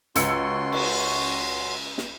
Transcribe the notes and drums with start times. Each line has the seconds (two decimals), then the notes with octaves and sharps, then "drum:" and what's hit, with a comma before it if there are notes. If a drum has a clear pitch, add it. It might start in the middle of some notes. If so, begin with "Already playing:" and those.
0.16 C#2 C#4 F#4 C6 E6 C#7, drum: hi-hat
0.72 drum: cymbal
1.98 drum: snare